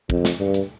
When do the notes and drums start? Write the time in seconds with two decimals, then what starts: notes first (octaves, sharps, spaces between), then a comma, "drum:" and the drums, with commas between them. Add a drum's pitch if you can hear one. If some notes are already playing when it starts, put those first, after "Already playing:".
0.10 F2, drum: kick
0.25 drum: snare
0.40 G2
0.54 drum: hi-hat